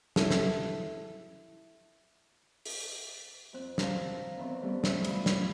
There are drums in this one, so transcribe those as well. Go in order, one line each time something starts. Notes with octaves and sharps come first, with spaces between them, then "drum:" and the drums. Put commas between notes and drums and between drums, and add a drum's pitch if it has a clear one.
E4 A4 A5, drum: snare
drum: snare
drum: open hi-hat
F2 C4 F#6
F5 A5 A#5 E6, drum: snare
E2 D#3 E3 C4
G3 A3 B3 C#4
E5 B5, drum: snare
F4 B5 D#6, drum: cymbal
drum: snare